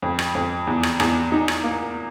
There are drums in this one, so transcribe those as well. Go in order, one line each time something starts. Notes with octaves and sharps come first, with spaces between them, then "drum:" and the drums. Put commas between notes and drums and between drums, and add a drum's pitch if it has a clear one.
F2
drum: rim click
F2
E2
drum: rim click
E2, drum: rim click
D#4
drum: rim click
A#3